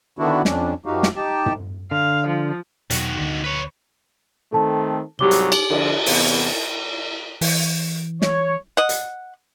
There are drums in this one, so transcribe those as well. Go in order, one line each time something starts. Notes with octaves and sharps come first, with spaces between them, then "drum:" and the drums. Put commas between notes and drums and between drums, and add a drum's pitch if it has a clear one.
D3 D#3 B3 D4 E4 F#4
F2 C#4 D4, drum: snare
F#2 F3 D#4 F#4 G4 F5
drum: snare
D#4 G4 G5 A5
drum: tom
D3 F5
F3
E2 B2 D#3 F#3 F#4, drum: hi-hat
D2 D3
B4 C#5
D#3 A3 C4 A4 A5
C2 G#2 F#3 G4 D6 G7
drum: hi-hat
drum: cymbal
D3 F3 D4, drum: cymbal
E2 C3 B3, drum: open hi-hat
E3, drum: open hi-hat
C#5, drum: snare
D#5 F#5
drum: hi-hat